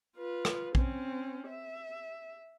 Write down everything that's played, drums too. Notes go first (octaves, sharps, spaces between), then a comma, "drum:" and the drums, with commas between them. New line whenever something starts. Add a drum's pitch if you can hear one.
F4 B4
drum: rim click
C4 C#4, drum: kick
E5